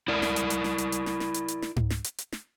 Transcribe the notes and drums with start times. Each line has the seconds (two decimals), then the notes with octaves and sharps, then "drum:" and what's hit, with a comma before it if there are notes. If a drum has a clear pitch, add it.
0.08 E4 A#4 D5
0.22 drum: snare
0.36 drum: hi-hat
0.50 drum: hi-hat
0.64 drum: snare
0.78 drum: hi-hat
0.92 drum: hi-hat
1.06 drum: snare
1.20 drum: snare
1.34 drum: hi-hat
1.48 drum: hi-hat
1.62 drum: snare
1.76 drum: tom G#2
1.90 drum: snare
2.04 drum: hi-hat
2.18 drum: hi-hat
2.32 drum: snare